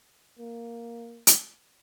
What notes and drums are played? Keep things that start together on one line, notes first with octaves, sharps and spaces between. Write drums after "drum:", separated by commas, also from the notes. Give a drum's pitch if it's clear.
A#3
drum: hi-hat